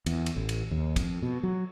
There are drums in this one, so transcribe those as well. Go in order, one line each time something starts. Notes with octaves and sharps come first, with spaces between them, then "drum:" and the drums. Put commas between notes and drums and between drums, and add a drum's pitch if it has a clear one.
E2, drum: cymbal
drum: cymbal
A1
drum: cymbal
D#2
F2, drum: kick, cymbal
B2
F#3